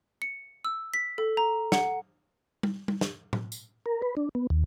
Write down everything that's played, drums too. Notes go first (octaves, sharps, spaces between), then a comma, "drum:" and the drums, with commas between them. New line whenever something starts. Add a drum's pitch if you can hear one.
C#7
E6
B6
A4
A#5
F#5, drum: snare
drum: tom G3
drum: tom G3
drum: snare
drum: tom A2
drum: tambourine
A#4
B4
D4
B3
D#2